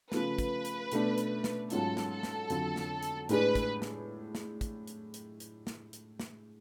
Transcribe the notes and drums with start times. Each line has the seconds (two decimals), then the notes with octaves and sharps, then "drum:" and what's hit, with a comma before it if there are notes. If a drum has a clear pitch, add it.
0.12 C#3 F3 A3 B4, drum: snare
0.38 drum: kick, hi-hat
0.65 drum: hi-hat
0.92 B2 A3 D4, drum: hi-hat
1.18 drum: hi-hat
1.44 drum: snare
1.70 G#2 F#3 C#4 F4 A4, drum: hi-hat
1.97 drum: snare
2.10 A4
2.23 drum: snare
2.50 F2 D3 F#3, drum: hi-hat
2.76 drum: snare
3.03 drum: hi-hat
3.29 A2 G#3 D4 G#4 B4, drum: hi-hat
3.55 drum: kick, hi-hat
3.82 drum: snare
4.35 drum: snare
4.61 drum: kick, hi-hat
4.87 drum: hi-hat
5.14 drum: hi-hat
5.40 drum: hi-hat
5.67 drum: snare
5.93 drum: hi-hat
6.20 drum: snare